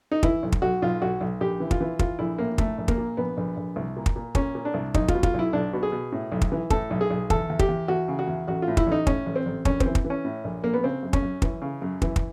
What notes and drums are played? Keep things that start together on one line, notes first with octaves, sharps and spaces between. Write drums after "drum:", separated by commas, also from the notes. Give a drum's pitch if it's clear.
D#4
E3 E4, drum: kick
B1
drum: kick
B1 F#4
B1 F4
B1 F#4
B1
A#1 G4
E3
F4, drum: kick
E3
E3 F4, drum: kick
A#1 E4
A2 A#3
A#2 A3, drum: kick
A#1
A#3, drum: kick
A#2
A#1 B3
A#1
A#1
C2
A#2
drum: kick
A#2
A#2 C#4, drum: kick
A#2
D4
C2
B1 D#4, drum: kick
F4, drum: kick
B2
F4, drum: kick
B1 E4
B1 D4
B2
G#4
B2
A2
B1
drum: kick
E3
A2 A4, drum: kick
B1
G#4
B1
E2 A4, drum: kick
E2
G4, drum: kick
E2
E2 F#4
C#3
F#4
E2
A1 F#4
F4
A2
E4, drum: kick
A1 D#4
A2 C#4, drum: kick
A1
C4
A1
A#1 C#4, drum: kick
C4, drum: kick
E3
drum: kick
E3
C#4
A2
A#1
A#1 A#3
B3
C#3 C4
F#2
C#4, drum: kick
F#2
E3, drum: kick
C#3
F#2
E3, drum: kick
drum: kick